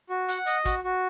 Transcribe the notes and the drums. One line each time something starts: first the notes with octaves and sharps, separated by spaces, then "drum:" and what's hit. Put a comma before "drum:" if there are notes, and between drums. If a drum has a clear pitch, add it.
F#4
F#5, drum: hi-hat
D#5, drum: hi-hat
F#4, drum: kick, hi-hat
F#4